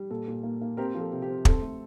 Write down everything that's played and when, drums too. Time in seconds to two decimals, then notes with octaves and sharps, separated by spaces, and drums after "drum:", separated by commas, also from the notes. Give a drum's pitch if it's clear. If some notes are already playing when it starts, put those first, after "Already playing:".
Already playing: G3
0.10 A#2 A4
0.28 A#2
0.43 A#3
0.61 A#3
0.77 C4 G4 A#4
0.95 F3
1.00 A4
1.12 C3
1.22 G4
1.28 C4
1.45 C4 A4, drum: kick
1.62 A3